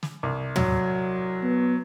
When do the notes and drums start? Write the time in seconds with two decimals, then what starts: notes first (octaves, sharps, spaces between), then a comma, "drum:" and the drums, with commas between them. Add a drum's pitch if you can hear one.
0.03 drum: snare
0.23 C2
0.56 F#3, drum: tom
1.43 B3